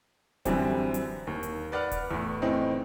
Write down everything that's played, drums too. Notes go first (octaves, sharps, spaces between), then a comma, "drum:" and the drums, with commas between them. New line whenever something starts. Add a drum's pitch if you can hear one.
F#2 D3 E3 G3 C4, drum: kick D1, hi-hat
drum: hi-hat
D#2
drum: hi-hat
B4 D5 F#5 F6
drum: kick D1, hi-hat
E2 A2
E2 A2 C4 D#4